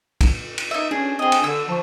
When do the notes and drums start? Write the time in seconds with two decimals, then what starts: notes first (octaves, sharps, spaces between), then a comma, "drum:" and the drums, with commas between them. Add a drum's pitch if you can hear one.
0.21 drum: kick B1, cymbal
0.58 drum: cymbal
0.71 D#4 E5
0.91 C#4 D4 G#4
1.19 C4 G#4 D#5
1.32 drum: cymbal
1.44 D3 E6
1.69 F3 A5 C#6